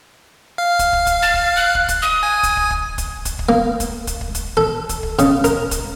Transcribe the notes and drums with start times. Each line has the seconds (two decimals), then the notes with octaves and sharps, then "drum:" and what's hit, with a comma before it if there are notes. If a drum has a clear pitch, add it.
0.58 F5
0.79 drum: kick, hi-hat
0.93 drum: kick
1.07 drum: kick, hi-hat
1.23 A6
1.34 drum: kick
1.56 F#6
1.75 drum: kick
1.89 drum: kick, hi-hat
2.02 D#6
2.23 G#5
2.43 drum: kick, hi-hat
2.57 drum: kick
2.71 drum: kick
2.98 drum: kick, hi-hat
3.25 drum: kick, hi-hat
3.39 drum: kick
3.49 A#3
3.80 drum: kick, hi-hat
4.07 drum: kick, hi-hat
4.21 drum: kick
4.35 drum: kick, hi-hat
4.57 A4
4.89 drum: kick, hi-hat
5.03 drum: kick
5.19 C#3, drum: kick, hi-hat
5.44 A#4, drum: kick, hi-hat
5.71 drum: kick, hi-hat